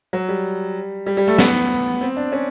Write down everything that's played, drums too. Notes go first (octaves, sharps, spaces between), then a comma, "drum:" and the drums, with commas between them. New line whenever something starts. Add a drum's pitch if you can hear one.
F#3
G3
G3
G3
A3
B3, drum: snare
C4
D4
C#4